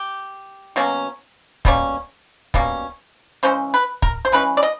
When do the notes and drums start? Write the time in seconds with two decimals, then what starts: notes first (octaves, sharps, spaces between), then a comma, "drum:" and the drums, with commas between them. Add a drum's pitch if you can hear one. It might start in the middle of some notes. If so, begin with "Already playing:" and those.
Already playing: G4
0.76 B2 F#3 A#3 C#4
1.65 B2 G3 A#3 C#4, drum: kick
2.54 B2 G3 A#3 C#4, drum: kick
3.43 C#3 E3 G#3 C#4 C5
3.74 B4
4.02 A#4, drum: kick
4.25 C5
4.32 C#3 E3 G#3 C#4 B4
4.57 D5
4.63 D#5